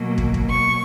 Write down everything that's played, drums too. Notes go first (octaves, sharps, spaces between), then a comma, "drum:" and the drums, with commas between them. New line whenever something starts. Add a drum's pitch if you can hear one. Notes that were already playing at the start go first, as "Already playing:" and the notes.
Already playing: B2 F#3 A#3
drum: kick
drum: kick
C#6